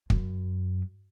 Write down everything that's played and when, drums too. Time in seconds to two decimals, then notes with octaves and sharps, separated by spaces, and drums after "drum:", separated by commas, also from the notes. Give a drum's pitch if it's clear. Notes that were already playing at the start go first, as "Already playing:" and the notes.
0.10 F#2, drum: kick